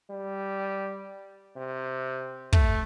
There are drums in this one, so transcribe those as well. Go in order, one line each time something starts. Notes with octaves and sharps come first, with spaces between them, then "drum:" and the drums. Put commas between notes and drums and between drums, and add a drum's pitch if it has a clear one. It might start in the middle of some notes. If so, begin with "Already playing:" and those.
G3
C3
A3, drum: kick